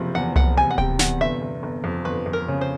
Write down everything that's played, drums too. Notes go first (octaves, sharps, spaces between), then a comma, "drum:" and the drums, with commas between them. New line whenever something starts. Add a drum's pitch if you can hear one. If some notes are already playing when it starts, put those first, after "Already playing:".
Already playing: F#1 C3 F3
E2 F#5
F#1 F#5, drum: tom C2
C3 G#5
F#5
C3 G5, drum: kick D1
E2 F#5, drum: snare
G1 E5
G1
G1
F2
G1 B4
F2
A#4
C#3
C5